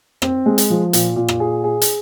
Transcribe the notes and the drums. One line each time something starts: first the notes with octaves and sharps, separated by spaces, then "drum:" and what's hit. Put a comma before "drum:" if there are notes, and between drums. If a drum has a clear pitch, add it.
C4, drum: rim click
G#3
drum: hi-hat
F3
A#2, drum: hi-hat
A#2
drum: rim click
G#4
G#4
drum: hi-hat